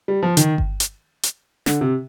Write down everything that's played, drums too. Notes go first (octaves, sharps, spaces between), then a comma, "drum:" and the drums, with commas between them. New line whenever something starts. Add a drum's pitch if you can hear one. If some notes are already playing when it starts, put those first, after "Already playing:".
G3
F3
D#3, drum: hi-hat
drum: kick G1
drum: hi-hat
drum: hi-hat
D3, drum: snare
C3